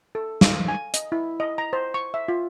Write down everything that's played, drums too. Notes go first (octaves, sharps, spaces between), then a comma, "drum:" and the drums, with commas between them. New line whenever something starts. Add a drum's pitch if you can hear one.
A4
F5, drum: snare
G#5
D#5, drum: hi-hat
E4
D#5
A#5
C5
C#6
E5
F4